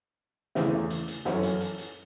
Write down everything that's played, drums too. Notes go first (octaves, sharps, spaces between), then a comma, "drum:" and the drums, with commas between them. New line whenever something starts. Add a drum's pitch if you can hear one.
E2 C#3 E3 A3, drum: snare
drum: hi-hat
drum: hi-hat
F#2 E3 C#4 A4 C#5, drum: snare
drum: hi-hat
drum: hi-hat
drum: hi-hat